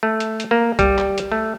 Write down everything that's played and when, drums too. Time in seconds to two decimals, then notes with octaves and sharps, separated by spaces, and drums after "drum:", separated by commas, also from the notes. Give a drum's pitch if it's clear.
0.03 A3
0.20 drum: hi-hat
0.40 drum: hi-hat
0.51 A#3
0.79 G3, drum: kick C2, hi-hat
0.98 drum: clap
1.18 drum: hi-hat
1.32 A3